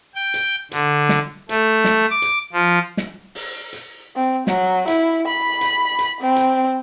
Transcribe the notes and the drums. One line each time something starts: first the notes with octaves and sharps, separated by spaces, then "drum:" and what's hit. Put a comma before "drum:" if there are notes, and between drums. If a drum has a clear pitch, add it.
G5
drum: hi-hat
D3, drum: hi-hat
drum: snare
A3, drum: hi-hat
drum: snare
D6
drum: hi-hat
F3
drum: snare
drum: open hi-hat
drum: hi-hat
C4
F#3, drum: snare
E4, drum: hi-hat
B5
drum: hi-hat
drum: hi-hat
C4
drum: hi-hat